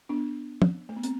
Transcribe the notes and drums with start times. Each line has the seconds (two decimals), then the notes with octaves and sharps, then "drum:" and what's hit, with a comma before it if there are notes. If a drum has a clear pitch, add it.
0.09 B3 D4
0.62 drum: tom
0.89 A3
0.96 B3
1.03 C4, drum: hi-hat